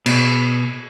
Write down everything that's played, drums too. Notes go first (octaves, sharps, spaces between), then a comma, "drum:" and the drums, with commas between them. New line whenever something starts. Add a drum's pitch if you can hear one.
B2, drum: cymbal